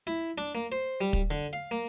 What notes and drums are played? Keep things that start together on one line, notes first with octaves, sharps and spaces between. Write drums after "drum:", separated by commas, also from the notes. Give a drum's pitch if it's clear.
E4
D4
A#3
C5
G3
drum: kick
D3
F5
A#3